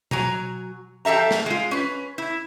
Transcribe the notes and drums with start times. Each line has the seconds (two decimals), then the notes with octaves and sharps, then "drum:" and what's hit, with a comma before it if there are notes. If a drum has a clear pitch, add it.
0.11 F#3 G#5 A#5, drum: tom B2
1.05 F3 G4 A4 E5 A#5
1.31 drum: snare
1.46 G#3 F4
1.71 C#4 B4
2.18 E4